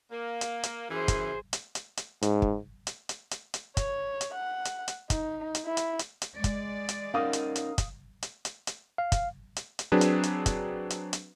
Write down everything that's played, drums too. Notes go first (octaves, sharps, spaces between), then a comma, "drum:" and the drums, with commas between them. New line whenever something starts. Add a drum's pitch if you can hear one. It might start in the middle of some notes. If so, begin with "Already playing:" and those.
A#3
drum: hi-hat
drum: hi-hat
F#2 E3 G#4 C5
drum: kick, hi-hat
drum: hi-hat
drum: hi-hat
drum: hi-hat
G#2, drum: hi-hat
drum: kick
drum: hi-hat
drum: hi-hat
drum: hi-hat
drum: hi-hat
C#5, drum: kick, hi-hat
drum: hi-hat
F#5
drum: hi-hat
drum: hi-hat
D#4, drum: kick, hi-hat
drum: hi-hat
E4
drum: hi-hat
drum: hi-hat
drum: hi-hat
G#3 D5
drum: kick, hi-hat
drum: hi-hat
C#4 D#4 A#4 F5 D#6
drum: hi-hat
drum: hi-hat
drum: kick, hi-hat
drum: hi-hat
drum: hi-hat
drum: hi-hat
F5
drum: kick, hi-hat
drum: hi-hat
drum: hi-hat
F#3 C4 D4 G#4 B4
drum: hi-hat
drum: hi-hat
drum: kick, hi-hat
drum: hi-hat
drum: hi-hat